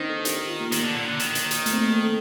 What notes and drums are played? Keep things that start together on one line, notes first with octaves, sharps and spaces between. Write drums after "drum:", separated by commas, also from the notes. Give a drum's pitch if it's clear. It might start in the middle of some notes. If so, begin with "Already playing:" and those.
Already playing: D#3 A#3 C4 D4 D#4 C5
A4
A4
G4, drum: hi-hat
G4
F4
A#3
D#3 A#3, drum: hi-hat
D3
A#2
D3
D#3, drum: hi-hat
drum: hi-hat
drum: hi-hat
A3, drum: hi-hat
C4
A#3
A4